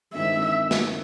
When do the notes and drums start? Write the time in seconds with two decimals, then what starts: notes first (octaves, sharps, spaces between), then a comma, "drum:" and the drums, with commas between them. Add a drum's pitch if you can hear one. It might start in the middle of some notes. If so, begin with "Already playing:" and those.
0.14 G2 D#3 G#3 C4 E4 E5
0.71 drum: snare